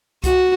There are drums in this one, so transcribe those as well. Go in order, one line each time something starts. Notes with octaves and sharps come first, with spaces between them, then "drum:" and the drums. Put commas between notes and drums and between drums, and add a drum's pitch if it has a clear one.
F#4, drum: kick C2, hi-hat